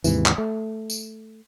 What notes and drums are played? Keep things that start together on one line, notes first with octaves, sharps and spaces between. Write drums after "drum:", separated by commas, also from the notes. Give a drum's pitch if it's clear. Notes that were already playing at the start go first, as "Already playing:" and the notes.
D#2 G#2 C3 E3, drum: tambourine
drum: clap
A3
drum: tambourine